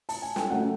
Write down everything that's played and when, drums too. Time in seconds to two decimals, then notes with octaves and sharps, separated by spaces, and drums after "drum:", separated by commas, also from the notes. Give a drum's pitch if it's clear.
0.09 A5, drum: open hi-hat
0.22 G#5
0.36 G5, drum: snare
0.50 C#3 F#3 A3 F#5